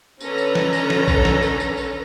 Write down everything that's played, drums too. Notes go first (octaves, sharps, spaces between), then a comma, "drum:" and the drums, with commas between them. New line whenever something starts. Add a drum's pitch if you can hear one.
D3 C#4 A4 B4 C#5 A#5, drum: tambourine
drum: tambourine
drum: snare
drum: tambourine
drum: snare
drum: kick A#1, tambourine
drum: snare
drum: tambourine
drum: tambourine
drum: tambourine